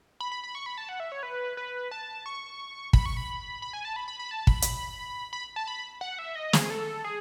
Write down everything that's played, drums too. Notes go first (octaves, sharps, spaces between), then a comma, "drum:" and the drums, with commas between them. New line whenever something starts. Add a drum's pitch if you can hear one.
B5
B5
B5
C#6
B5
A5
F#5
E5
C#5
B4
B4
A5
C#6
B5, drum: kick
C#6
B5
B5
G#5
A5
B5
B5
B5
A5
B5, drum: kick
drum: hi-hat
B5
A5
B5
F#5
E5
D#5
G#4, drum: snare
A4
G#4